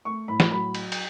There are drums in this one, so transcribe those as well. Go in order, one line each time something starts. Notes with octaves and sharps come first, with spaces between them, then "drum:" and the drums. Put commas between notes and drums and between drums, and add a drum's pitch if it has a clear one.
A3 C#6
A2 B5
drum: snare
F#3 B5
drum: cymbal
drum: cymbal